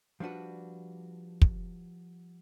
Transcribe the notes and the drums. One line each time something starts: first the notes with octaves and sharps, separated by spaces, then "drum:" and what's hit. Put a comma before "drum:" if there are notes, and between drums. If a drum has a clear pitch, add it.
F3 G3 D4 F#4 B4
drum: kick